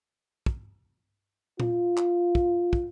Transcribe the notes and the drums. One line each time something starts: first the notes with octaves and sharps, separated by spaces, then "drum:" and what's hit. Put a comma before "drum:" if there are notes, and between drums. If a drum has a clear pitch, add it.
drum: kick
F4, drum: tom A#2
drum: clap
drum: kick
drum: kick